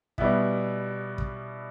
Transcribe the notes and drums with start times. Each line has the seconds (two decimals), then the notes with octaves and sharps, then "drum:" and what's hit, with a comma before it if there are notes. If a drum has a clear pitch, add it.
0.18 B2 G3 B3 E4, drum: kick
1.18 drum: kick